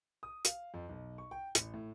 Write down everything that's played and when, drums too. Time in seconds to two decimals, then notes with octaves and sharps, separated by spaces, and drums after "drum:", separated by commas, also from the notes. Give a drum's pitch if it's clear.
0.23 D#6
0.45 F5, drum: hi-hat
0.74 F2
0.89 B1
1.18 C#6
1.31 G5
1.55 A1, drum: hi-hat
1.74 A2